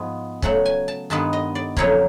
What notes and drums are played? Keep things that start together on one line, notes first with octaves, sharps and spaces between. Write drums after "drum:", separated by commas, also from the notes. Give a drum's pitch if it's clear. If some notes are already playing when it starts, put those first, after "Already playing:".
Already playing: G#2 F3 G#3 B3
C#3 F#3 A3 F#5, drum: kick C#1
G#5
A5
G2 D#3 G#3 B3 A5
D#5
D5
F2 C#3 F#3 A#3 C#5, drum: kick C#1